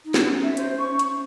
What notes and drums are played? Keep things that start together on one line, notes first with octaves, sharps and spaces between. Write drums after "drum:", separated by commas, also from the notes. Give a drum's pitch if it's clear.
D#4
drum: snare
C#4
E5
C5, drum: hi-hat
C#6
drum: hi-hat